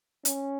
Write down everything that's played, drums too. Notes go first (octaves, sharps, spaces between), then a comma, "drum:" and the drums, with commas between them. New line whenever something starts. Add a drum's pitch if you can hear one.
C#4, drum: hi-hat